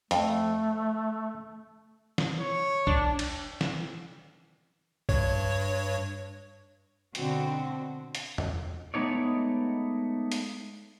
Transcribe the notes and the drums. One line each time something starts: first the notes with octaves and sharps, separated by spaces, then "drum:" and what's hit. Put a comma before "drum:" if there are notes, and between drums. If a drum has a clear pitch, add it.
F2 A3, drum: hi-hat
drum: snare
C#5
D4, drum: kick B1
drum: cymbal
drum: snare
G2 C#5, drum: kick B1
B2 D3 C4 F#4, drum: hi-hat
drum: hi-hat
drum: tom E2
G#3 A3 B3 D#4 C#5 D5
drum: hi-hat